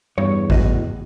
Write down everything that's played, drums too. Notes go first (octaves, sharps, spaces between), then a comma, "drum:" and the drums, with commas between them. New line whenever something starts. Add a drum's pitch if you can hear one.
E2 G2 C#5
A2 F#4 D#5, drum: kick G#1